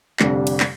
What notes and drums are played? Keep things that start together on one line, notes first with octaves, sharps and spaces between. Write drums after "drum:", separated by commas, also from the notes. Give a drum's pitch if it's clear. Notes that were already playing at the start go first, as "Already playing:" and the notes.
F1 F2 D3 G3 D4, drum: clap
drum: cymbal
drum: clap